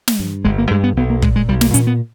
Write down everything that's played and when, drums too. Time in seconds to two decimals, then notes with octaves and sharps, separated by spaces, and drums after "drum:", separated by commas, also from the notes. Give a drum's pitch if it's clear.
0.08 drum: snare
0.19 G2
0.45 G1 G#3
0.58 A#3
0.71 G2 G#3
0.84 B3
0.97 B1 B3
1.10 A#3
1.22 A#2 G#3, drum: kick
1.36 G#3
1.49 B1 G3
1.61 A#3, drum: snare
1.74 A#2 C#4, drum: hi-hat
1.87 B3